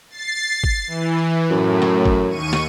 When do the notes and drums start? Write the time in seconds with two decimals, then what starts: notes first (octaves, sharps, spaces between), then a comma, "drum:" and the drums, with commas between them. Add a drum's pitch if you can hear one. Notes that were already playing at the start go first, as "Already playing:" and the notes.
0.10 A6 C7
0.64 drum: kick
0.87 E3
1.50 F#2 A2
1.82 drum: snare
2.05 drum: kick
2.29 D#2 C#6 D#7
2.53 drum: snare